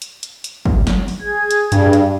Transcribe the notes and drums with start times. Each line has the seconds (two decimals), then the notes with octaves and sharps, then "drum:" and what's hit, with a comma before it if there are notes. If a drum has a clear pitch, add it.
0.02 drum: hi-hat
0.23 drum: hi-hat
0.44 drum: hi-hat
0.65 drum: kick
0.87 drum: snare
1.08 drum: open hi-hat
1.21 G#4 G#6
1.51 drum: hi-hat
1.72 G2, drum: hi-hat
1.93 drum: hi-hat